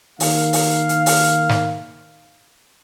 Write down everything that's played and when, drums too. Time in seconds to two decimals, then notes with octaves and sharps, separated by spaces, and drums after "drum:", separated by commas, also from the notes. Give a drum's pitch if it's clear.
0.20 D#3 A#3 F5, drum: open hi-hat
0.53 drum: open hi-hat
0.89 drum: hi-hat
1.06 drum: open hi-hat
1.49 drum: snare